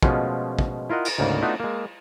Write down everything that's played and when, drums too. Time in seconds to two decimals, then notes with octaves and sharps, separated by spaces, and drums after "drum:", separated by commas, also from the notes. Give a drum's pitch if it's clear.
0.03 B2 F3 G#3 A3 C#4 F4, drum: kick
0.59 drum: kick
0.90 E4 F4 A#4 D#5 F#5
1.05 drum: cymbal
1.19 D2 G#2 C#3 A#3
1.42 A3 B3 D4 D#4 F4 F#4
1.60 G#3 A#3